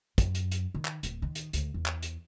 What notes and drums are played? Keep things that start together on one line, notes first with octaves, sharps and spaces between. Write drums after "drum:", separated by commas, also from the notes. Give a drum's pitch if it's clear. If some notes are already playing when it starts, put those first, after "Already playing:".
F#2, drum: kick, hi-hat
drum: hi-hat
drum: hi-hat
D#3
drum: clap
D1, drum: hi-hat
D#3
drum: hi-hat
D2, drum: hi-hat
E2
drum: clap
drum: hi-hat